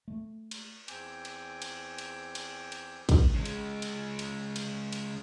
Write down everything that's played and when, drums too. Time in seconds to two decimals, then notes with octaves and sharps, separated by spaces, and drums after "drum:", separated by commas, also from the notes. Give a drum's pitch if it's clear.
0.08 A3
0.51 drum: cymbal
0.88 E2 C4 G#5 D6 G6, drum: cymbal
1.25 drum: cymbal
1.62 drum: cymbal
1.98 drum: cymbal
2.35 drum: cymbal
2.72 drum: cymbal
3.09 drum: kick, cymbal
3.34 C#3 G#3
3.45 drum: cymbal
3.82 drum: cymbal
4.19 drum: cymbal
4.56 drum: cymbal
4.92 drum: cymbal